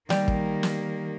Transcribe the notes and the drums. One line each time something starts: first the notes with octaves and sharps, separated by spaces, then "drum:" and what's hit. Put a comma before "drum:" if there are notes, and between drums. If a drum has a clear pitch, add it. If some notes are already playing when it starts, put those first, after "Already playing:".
D#3 G3 A#3, drum: snare
drum: kick
drum: snare